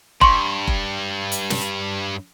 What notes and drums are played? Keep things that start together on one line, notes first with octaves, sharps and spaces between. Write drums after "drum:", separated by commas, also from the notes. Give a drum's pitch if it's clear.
G2 C6 C#6, drum: kick F1
drum: kick F1
drum: hi-hat
drum: snare